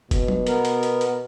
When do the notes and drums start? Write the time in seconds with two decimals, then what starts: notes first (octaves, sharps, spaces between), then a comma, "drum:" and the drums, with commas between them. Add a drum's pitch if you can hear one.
0.11 B2, drum: kick F1, hi-hat
0.28 drum: tom
0.47 B3 A#4, drum: hi-hat
0.65 drum: hi-hat
0.83 drum: hi-hat
1.01 drum: hi-hat